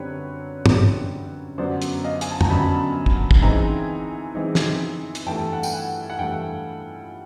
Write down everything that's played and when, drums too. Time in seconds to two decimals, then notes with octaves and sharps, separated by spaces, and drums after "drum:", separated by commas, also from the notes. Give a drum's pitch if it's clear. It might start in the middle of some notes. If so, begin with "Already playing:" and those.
Already playing: F#2 D3 G3 C4 B4 C#5
0.66 F#2 D3 G3 C4, drum: tom
1.58 F#2 D3 F#3 B3 C5 D5
1.82 drum: hi-hat
2.04 D#5 F5
2.21 G#5, drum: hi-hat
2.31 A5
2.41 A#5, drum: tom
2.50 F#2 D3 F#3 B3 A5 B5
3.06 drum: kick
3.31 drum: kick
3.42 E3 G#3 C4 D#4 G#5 A#5
4.35 E3 G#3 C4 D#4
4.55 drum: snare
5.15 drum: hi-hat
5.26 G2 E3 A3 G5 A5
5.53 F#5
5.63 G5, drum: tambourine
5.72 F#5 G#5
6.10 F#5
6.19 G2 E3 A3 F5 G5